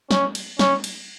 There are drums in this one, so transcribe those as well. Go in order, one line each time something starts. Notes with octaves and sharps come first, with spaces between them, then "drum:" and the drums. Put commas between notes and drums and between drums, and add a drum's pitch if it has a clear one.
C#4, drum: snare
drum: cymbal
C#4, drum: snare
drum: cymbal